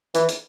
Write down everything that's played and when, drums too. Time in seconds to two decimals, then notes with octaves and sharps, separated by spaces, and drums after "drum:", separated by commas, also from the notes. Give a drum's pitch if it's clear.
0.15 E3, drum: hi-hat
0.29 drum: hi-hat